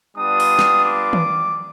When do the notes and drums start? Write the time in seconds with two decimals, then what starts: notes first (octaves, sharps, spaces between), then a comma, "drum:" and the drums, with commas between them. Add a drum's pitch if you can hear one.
0.16 G3 B3 D4 F4 D#6
0.40 drum: open hi-hat
0.59 drum: snare
0.84 D6
1.13 drum: tom D#3